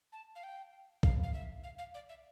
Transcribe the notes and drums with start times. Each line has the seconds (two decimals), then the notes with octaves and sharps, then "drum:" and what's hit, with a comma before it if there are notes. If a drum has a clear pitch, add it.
0.12 A5
0.35 F5
0.43 G5
1.03 F5, drum: kick
1.23 F5
1.34 E5
1.64 F5
1.78 F5
1.94 D5
2.09 E5